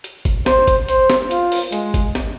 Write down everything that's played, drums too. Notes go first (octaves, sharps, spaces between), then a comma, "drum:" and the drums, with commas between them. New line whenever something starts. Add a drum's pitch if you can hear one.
drum: hi-hat
drum: kick, hi-hat
C5, drum: snare
drum: kick, hi-hat
C5, drum: hi-hat
drum: snare
F4, drum: hi-hat
drum: open hi-hat
G#3, drum: hi-hat
drum: kick, hi-hat
drum: snare